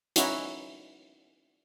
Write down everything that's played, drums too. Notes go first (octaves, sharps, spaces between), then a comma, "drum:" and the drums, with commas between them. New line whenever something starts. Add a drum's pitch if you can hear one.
C#4 D#4 E4 F#4, drum: hi-hat